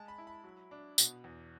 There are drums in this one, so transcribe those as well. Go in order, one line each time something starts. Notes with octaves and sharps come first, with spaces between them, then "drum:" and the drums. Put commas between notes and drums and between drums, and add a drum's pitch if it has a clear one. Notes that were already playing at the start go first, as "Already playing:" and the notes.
Already playing: G#3 A5
B5
E4
B5
F#3
D4
B2, drum: tambourine
E2